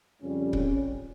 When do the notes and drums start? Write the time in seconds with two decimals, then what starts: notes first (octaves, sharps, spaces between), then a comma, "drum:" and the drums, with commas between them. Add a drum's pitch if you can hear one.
0.22 F2 C#3 G3 C#4
0.53 C#4, drum: kick C#1